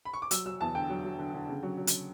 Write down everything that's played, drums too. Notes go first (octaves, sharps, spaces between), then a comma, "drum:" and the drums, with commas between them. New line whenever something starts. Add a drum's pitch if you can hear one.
B5
C#6
D6
F#3 E6, drum: hi-hat
F#3 E6
E2 A5
D3 G5
F#3
F#3
D3
D3
C#3
F#3
F#3
drum: hi-hat